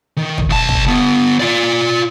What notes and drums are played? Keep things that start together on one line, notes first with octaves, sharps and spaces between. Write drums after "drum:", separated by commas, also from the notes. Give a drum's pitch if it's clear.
D#3
drum: kick
B1 A5
drum: kick
D3 B3
F4 D5